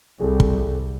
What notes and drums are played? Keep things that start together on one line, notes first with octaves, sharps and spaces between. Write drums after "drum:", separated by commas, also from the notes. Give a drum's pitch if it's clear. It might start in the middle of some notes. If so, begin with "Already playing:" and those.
C2 G#4 A4
drum: kick